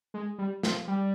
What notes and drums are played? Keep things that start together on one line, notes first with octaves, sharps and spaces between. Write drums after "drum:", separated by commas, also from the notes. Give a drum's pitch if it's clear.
G#3
G3
F3, drum: snare
G3